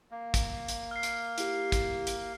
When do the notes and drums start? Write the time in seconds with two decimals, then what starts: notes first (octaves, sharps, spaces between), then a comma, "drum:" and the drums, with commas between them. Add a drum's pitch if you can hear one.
0.11 A#3
0.34 drum: kick, hi-hat
0.68 drum: hi-hat
0.91 F6 C7
1.03 drum: hi-hat
1.38 E4 G4, drum: hi-hat
1.72 drum: kick, hi-hat
2.07 drum: hi-hat